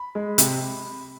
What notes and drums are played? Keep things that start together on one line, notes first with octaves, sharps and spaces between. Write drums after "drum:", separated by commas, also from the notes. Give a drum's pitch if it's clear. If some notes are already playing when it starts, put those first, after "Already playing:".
Already playing: B5
G#3
C3, drum: hi-hat